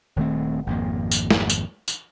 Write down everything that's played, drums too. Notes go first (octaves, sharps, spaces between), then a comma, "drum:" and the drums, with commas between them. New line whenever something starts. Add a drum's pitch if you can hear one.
D#1 D#3 A3 C4
G#1 F2 A#3
drum: tambourine
drum: snare
drum: tambourine
drum: tambourine